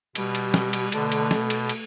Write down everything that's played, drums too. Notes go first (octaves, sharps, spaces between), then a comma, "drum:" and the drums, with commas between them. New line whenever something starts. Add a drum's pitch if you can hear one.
B2 G3, drum: cymbal
drum: cymbal
drum: snare
drum: cymbal
B2 D3 A3, drum: cymbal
drum: cymbal
B2, drum: snare
drum: cymbal
drum: cymbal